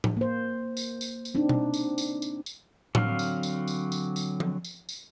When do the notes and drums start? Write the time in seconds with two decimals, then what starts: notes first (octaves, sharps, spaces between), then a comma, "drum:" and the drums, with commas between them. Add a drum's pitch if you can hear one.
0.04 drum: tom A2
0.17 A#3 C5
0.77 drum: tambourine
1.01 drum: tambourine
1.25 drum: tambourine
1.35 C4 D4 D#4
1.49 drum: tom B2
1.74 drum: tambourine
1.98 drum: tambourine
2.22 drum: tambourine
2.46 drum: tambourine
2.95 D3 F#3 C4 F5 F6, drum: tom A2
3.19 drum: tambourine
3.43 drum: tambourine
3.68 drum: tambourine
3.92 drum: tambourine
4.16 drum: tambourine
4.40 drum: tom F3
4.64 drum: tambourine
4.89 drum: tambourine